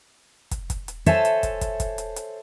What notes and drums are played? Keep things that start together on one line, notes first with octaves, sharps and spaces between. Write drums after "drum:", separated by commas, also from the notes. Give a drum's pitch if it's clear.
drum: kick, hi-hat
drum: kick, hi-hat
drum: hi-hat
A4 C5 C#5 E5 G#5 A5, drum: hi-hat
drum: hi-hat
drum: kick, hi-hat
drum: kick, hi-hat
drum: kick, hi-hat
drum: hi-hat
drum: hi-hat